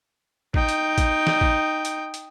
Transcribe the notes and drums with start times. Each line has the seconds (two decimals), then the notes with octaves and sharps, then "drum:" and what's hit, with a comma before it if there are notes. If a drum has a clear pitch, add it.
0.54 D#4 G5, drum: kick
0.69 drum: hi-hat
0.98 drum: kick, hi-hat
1.27 drum: snare
1.41 drum: kick
1.85 drum: hi-hat
2.14 drum: hi-hat